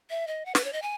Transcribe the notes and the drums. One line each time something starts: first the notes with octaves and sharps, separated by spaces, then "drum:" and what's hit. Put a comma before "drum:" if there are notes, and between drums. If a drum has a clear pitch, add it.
E5
D#5
F#5
B4, drum: snare
C#5
D#5
G#5